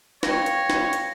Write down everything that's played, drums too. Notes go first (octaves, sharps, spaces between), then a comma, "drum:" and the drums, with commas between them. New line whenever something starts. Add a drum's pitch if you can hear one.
C#5 F5 G5 A#6, drum: snare
drum: hi-hat
drum: snare
drum: hi-hat